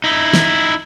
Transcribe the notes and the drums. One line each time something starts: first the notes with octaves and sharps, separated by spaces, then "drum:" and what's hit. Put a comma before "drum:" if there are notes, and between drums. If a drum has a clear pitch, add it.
D#4 E4
drum: snare